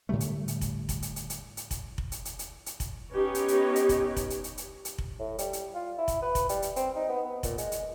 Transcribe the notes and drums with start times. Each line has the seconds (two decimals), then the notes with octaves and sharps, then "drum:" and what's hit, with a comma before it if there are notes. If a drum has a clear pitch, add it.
0.09 A2 D3 G3 A3
0.20 drum: hi-hat
0.48 drum: hi-hat
0.61 drum: kick F1, hi-hat
0.89 drum: kick F1, hi-hat
1.02 drum: hi-hat
1.16 drum: hi-hat
1.30 drum: hi-hat
1.57 drum: hi-hat
1.71 drum: kick F1, hi-hat
1.98 drum: kick F1
2.12 drum: hi-hat
2.25 drum: hi-hat
2.39 drum: hi-hat
2.66 drum: hi-hat
2.80 drum: kick F1, hi-hat
3.13 B3 C#4 D#4 G4 B4 C#5
3.35 drum: hi-hat
3.48 drum: hi-hat
3.76 drum: hi-hat
3.89 drum: kick F1, hi-hat
4.17 drum: kick F1, hi-hat
4.30 drum: hi-hat
4.44 drum: hi-hat
4.58 drum: hi-hat
4.85 drum: hi-hat
4.99 drum: kick F1
5.19 A2
5.38 G3, drum: hi-hat
5.53 drum: hi-hat
5.75 F4
5.98 E4
6.08 drum: kick F1, hi-hat
6.22 B4
6.35 drum: kick F1, hi-hat
6.49 G3, drum: hi-hat
6.62 drum: hi-hat
6.76 C4, drum: hi-hat
6.95 D#4
7.09 B3
7.25 B3
7.43 A#2, drum: kick F1, hi-hat
7.58 G#3, drum: hi-hat
7.72 drum: hi-hat